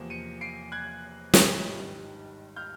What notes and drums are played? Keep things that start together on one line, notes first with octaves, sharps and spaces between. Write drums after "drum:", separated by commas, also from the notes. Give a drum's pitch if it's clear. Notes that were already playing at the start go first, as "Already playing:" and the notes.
Already playing: E2 C3 F3 A#3 E7
C#7 D#7
C7 D7
F#6 G#6
drum: snare
G#1 G2 D#3 G3
F6 G6